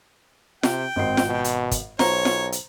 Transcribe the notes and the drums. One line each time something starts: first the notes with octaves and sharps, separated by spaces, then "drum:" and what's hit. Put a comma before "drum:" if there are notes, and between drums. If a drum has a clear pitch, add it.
C3 G5, drum: snare F4
G#1 C4 D#5 C7
drum: snare F4
B2
drum: hi-hat
drum: kick, hi-hat
B1 C5 C#5 A#5, drum: snare F4
drum: snare F4
drum: hi-hat